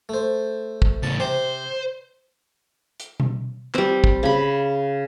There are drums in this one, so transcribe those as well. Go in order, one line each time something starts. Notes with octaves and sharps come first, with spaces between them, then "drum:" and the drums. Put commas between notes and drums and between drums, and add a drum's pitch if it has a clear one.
A3 C5
drum: kick
A2 C#3 A5
C3 G4 C5
drum: hi-hat
drum: tom B2
G3 C4, drum: clap
drum: kick
C#3 B5